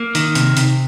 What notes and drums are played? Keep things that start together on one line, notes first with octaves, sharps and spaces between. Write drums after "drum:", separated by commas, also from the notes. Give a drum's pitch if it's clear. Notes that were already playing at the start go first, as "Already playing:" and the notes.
Already playing: A#3
D#3, drum: hi-hat
C3, drum: hi-hat
C3, drum: hi-hat